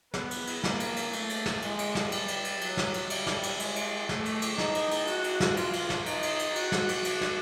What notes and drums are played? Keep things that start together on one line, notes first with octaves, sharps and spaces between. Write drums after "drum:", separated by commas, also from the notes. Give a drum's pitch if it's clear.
B3, drum: snare
drum: cymbal
drum: cymbal
A#3, drum: snare
drum: cymbal
drum: cymbal
A3, drum: cymbal
drum: cymbal
drum: snare
G#3, drum: cymbal
drum: cymbal
drum: snare
G3, drum: cymbal
drum: cymbal
drum: cymbal
F#3, drum: cymbal
drum: snare
drum: cymbal
G3, drum: cymbal
drum: snare
drum: cymbal
G#3, drum: cymbal
drum: cymbal
A3, drum: snare
drum: cymbal
drum: cymbal
D#4, drum: snare
drum: cymbal
drum: cymbal
F#4, drum: cymbal
drum: cymbal
drum: snare
F4, drum: cymbal
drum: cymbal
drum: snare
D#4, drum: cymbal
drum: cymbal
drum: cymbal
F#4, drum: cymbal
drum: snare
drum: cymbal
F#4, drum: cymbal
drum: snare